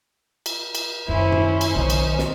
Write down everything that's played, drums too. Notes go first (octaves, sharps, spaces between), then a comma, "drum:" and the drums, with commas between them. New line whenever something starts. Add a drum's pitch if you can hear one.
drum: cymbal
drum: cymbal
F#2 D#3 C#4 E4 C5
drum: tom
drum: cymbal
B1 D#3 D#4
drum: cymbal
drum: snare